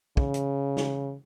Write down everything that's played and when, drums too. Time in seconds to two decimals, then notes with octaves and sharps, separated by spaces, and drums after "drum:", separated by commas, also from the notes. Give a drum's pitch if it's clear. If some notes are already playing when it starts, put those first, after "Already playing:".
0.17 C#3, drum: kick
0.34 drum: hi-hat
0.77 drum: snare